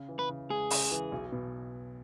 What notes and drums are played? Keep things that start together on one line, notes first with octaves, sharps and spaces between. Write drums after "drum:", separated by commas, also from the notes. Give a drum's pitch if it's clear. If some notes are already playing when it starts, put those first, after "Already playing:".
Already playing: C#3
E3
B4
C#3
G#3 G#4
C#3, drum: open hi-hat
E3
B1
B2